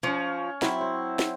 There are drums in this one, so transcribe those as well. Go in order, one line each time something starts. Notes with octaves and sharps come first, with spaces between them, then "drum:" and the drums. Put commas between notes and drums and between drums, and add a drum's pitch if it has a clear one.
F3 C#4 C#5
F#3 C4 E4, drum: snare
C5
drum: snare